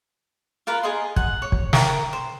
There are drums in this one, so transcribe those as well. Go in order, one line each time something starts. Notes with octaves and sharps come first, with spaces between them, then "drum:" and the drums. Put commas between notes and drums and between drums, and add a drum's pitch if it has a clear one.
F4 A#4 B4
G#4 D#5 C6
F#5, drum: kick
C#5
drum: kick
A#4 G5, drum: snare
C5